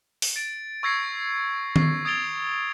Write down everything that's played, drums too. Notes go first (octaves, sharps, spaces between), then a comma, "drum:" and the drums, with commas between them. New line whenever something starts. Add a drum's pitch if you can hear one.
drum: open hi-hat
A6 D7
C#6 E6 G#6 A#6 C7 C#7
C#6 C7, drum: tom D#3
D#6 G#6 A6 D7 F7 G7